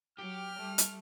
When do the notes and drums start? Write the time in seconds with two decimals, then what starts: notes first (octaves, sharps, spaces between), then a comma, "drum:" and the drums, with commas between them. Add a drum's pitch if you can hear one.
0.18 F#3 G4 F6
0.57 G3 A3
0.78 drum: hi-hat